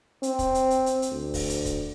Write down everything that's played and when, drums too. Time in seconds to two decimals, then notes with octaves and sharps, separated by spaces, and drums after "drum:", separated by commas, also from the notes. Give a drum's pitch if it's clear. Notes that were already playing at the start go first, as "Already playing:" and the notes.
0.23 C4, drum: hi-hat
0.39 drum: kick, hi-hat
0.55 drum: hi-hat
0.70 drum: hi-hat
0.86 drum: hi-hat
1.02 drum: hi-hat
1.12 D2
1.34 drum: kick, open hi-hat
1.50 drum: hi-hat
1.65 drum: kick, hi-hat